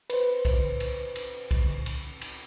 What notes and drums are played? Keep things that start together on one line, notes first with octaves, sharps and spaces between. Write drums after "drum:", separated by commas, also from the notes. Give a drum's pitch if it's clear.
B4 C5, drum: cymbal
drum: kick C2, cymbal
drum: cymbal
drum: cymbal
drum: kick C2, cymbal
drum: cymbal
drum: cymbal